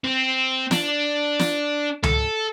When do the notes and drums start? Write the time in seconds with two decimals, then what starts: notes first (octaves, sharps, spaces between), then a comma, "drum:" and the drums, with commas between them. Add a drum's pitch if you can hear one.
0.04 C4
0.71 D4, drum: snare
1.39 drum: snare
2.03 A4, drum: tom C#2